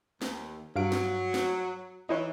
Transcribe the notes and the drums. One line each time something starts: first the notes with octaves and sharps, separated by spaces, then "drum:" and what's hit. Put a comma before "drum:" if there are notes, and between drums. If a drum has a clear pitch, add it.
D#2, drum: snare
G2 F#3 F5 D7
drum: snare
drum: snare
E3 D#4 E4 C#5